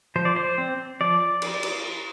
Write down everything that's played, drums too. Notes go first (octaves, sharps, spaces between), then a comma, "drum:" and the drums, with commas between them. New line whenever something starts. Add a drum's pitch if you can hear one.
F3 C5
D5
C5
C4
F3 D5
drum: cymbal
drum: cymbal